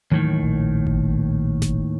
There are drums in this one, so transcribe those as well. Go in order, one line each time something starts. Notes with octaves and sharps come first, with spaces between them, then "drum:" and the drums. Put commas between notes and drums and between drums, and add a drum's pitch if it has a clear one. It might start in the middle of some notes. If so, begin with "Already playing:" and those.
D#2 A2 D#3 E3 F#3 A3
A#1
drum: kick G#1
drum: snare G1